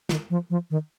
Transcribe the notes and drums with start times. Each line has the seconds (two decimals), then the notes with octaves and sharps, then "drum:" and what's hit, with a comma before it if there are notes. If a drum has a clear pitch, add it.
0.09 D#3, drum: snare
0.30 F3
0.50 F3
0.71 D#3